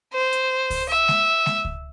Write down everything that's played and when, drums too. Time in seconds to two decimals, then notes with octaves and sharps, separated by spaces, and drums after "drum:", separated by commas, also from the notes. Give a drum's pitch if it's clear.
0.14 C5
0.33 drum: hi-hat
0.70 drum: kick C#2, open hi-hat
0.89 E5
1.08 drum: snare G#3
1.46 drum: snare G#3
1.65 drum: kick C#2